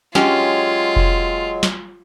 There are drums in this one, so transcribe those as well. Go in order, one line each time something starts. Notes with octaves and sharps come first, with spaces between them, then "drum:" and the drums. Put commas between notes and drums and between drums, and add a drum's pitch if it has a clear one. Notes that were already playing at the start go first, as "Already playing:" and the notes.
F#3 G#3 C#4 F4 G4, drum: snare
drum: kick F1
drum: snare